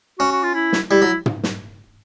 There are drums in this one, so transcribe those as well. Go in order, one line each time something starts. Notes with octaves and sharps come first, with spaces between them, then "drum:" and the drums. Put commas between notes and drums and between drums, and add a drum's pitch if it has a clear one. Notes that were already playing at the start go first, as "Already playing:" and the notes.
C#4 F#4
F#4
F4
E4
drum: snare
G3 E4
F#3
drum: tom
drum: snare